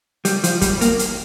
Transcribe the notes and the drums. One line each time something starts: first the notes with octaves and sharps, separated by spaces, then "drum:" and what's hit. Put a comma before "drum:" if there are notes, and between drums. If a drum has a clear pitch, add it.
G3, drum: hi-hat
F3, drum: hi-hat
G3, drum: kick, hi-hat
A#3, drum: hi-hat
drum: hi-hat